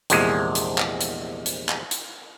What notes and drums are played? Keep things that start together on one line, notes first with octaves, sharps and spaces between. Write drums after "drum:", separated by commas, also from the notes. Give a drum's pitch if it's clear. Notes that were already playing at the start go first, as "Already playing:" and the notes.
A#1 E2 C3 F3 G#3, drum: hi-hat
drum: hi-hat
drum: clap
drum: hi-hat
drum: hi-hat
drum: clap
drum: hi-hat